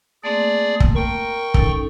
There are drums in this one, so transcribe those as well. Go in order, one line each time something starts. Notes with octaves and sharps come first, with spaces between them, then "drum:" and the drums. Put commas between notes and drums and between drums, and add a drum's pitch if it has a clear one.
A3 A#3 C4 G#4 D5
drum: kick
A#4 G5 C#6
C#4 D#4 A4, drum: kick